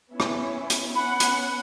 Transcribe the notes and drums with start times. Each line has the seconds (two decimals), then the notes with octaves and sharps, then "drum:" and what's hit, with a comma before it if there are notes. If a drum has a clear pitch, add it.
0.11 B3 C#4 E4
0.20 drum: rim click
0.70 drum: hi-hat
0.95 B3 C#4 F#5 B5
1.20 drum: hi-hat